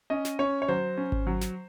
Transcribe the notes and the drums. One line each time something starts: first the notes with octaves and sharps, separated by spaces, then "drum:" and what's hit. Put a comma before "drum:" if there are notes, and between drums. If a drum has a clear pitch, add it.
C#4 D#5
drum: snare
C#4 C#5
C#5
F#3 C5
C#4
drum: kick G#1
F#3
drum: snare